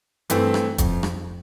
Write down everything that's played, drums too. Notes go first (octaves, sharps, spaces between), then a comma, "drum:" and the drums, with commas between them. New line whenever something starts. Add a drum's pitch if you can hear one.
G2 E3 A3 C4, drum: hi-hat
drum: rim click
F2, drum: kick, hi-hat
drum: rim click